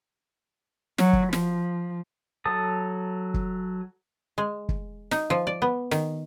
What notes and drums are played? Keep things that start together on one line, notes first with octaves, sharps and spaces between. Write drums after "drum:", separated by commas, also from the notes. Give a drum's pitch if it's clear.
F#3, drum: snare
drum: kick
F3, drum: snare
F#3 A4 A5 D#6
drum: kick
G#3
drum: kick
D#4, drum: snare
F3
D5
B3
D#3, drum: snare